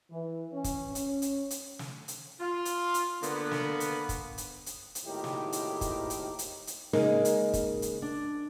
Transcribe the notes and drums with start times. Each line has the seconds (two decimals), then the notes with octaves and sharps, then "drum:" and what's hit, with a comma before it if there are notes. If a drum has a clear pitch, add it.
0.11 E3
0.54 C#4
0.64 drum: kick, hi-hat
0.95 C#4, drum: hi-hat
1.22 drum: hi-hat
1.50 drum: hi-hat
1.79 drum: snare
2.08 drum: hi-hat
2.40 F4
2.65 drum: hi-hat
2.94 drum: hi-hat
3.23 D3 A#3 B3, drum: hi-hat
3.51 drum: snare
3.80 drum: hi-hat
4.09 drum: kick, hi-hat
4.38 drum: hi-hat
4.66 drum: hi-hat
4.95 drum: hi-hat
5.05 G#1 A2 D#3 A#3 E4 G4
5.24 drum: snare
5.52 drum: hi-hat
5.81 drum: kick, hi-hat
6.10 drum: hi-hat
6.39 drum: hi-hat
6.67 drum: hi-hat
6.93 C#3 G#3 A#3 D#4 G#4 A#4, drum: snare
7.25 drum: hi-hat
7.53 drum: kick, hi-hat
7.82 drum: hi-hat
8.02 D4